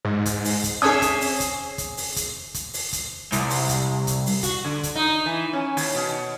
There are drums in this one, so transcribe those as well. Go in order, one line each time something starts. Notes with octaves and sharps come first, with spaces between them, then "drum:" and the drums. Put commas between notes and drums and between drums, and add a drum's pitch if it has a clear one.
G#2
drum: kick, hi-hat
drum: open hi-hat
drum: kick, hi-hat
C4 C#4 G#4 E5 D#6
drum: kick, hi-hat
drum: open hi-hat
drum: kick, hi-hat
drum: kick, hi-hat
drum: open hi-hat
drum: kick, hi-hat
drum: kick, hi-hat
drum: open hi-hat
drum: kick, hi-hat
C2, drum: kick, hi-hat
drum: open hi-hat
drum: kick, hi-hat
drum: kick, hi-hat
drum: open hi-hat
F#4, drum: kick, hi-hat
D3
drum: kick, hi-hat
D#4
E3
C#4
D#2, drum: open hi-hat
B2